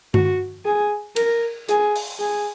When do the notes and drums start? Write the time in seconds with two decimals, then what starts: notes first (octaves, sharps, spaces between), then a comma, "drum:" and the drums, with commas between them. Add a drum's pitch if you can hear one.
0.14 F#4, drum: tom G2
0.65 G#4
1.16 A#4, drum: cymbal
1.69 G#4, drum: hi-hat
1.96 drum: open hi-hat
2.19 G#4